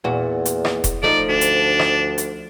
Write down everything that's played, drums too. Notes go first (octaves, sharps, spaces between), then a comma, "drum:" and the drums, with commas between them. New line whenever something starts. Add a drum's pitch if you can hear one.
E2 A#2 F#4
drum: hi-hat
drum: rim click
drum: kick E1, hi-hat
F3 A3 D#4 D5
D2 D4
drum: hi-hat
drum: rim click
drum: hi-hat